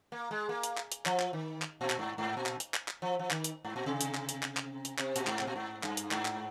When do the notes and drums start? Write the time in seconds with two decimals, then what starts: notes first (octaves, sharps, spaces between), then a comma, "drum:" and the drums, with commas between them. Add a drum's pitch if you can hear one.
0.12 A#3
0.31 G#3
0.49 A#3
0.63 drum: hi-hat
0.77 drum: clap
0.92 drum: hi-hat
1.06 F3, drum: clap
1.20 drum: clap
1.33 D#3
1.62 drum: clap
1.81 A#2
1.90 drum: clap
1.99 G#2
2.18 G#2
2.37 A#2
2.46 drum: clap
2.60 drum: hi-hat
2.74 drum: clap
2.88 drum: clap
3.02 F3
3.19 F3
3.31 D#3, drum: clap
3.44 drum: hi-hat
3.65 G#2
3.76 A#2
3.86 C3
4.01 drum: hi-hat
4.15 drum: clap
4.29 drum: hi-hat
4.43 drum: clap
4.57 drum: clap
4.85 drum: hi-hat
4.98 C3, drum: clap
5.16 A#2, drum: hi-hat
5.27 G#2, drum: clap
5.39 C3, drum: clap
5.47 A#2
5.56 G#2
5.83 G2, drum: clap
5.97 drum: hi-hat
6.11 G#2, drum: clap
6.25 drum: clap